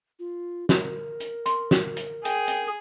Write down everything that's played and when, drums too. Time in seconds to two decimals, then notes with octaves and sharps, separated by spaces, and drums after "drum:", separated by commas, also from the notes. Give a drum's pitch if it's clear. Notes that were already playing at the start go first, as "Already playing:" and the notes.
0.19 F4
0.69 A#4, drum: snare
1.20 drum: hi-hat
1.46 C6, drum: hi-hat
1.71 drum: snare
1.97 drum: hi-hat
2.25 G#4 G5, drum: hi-hat
2.48 drum: hi-hat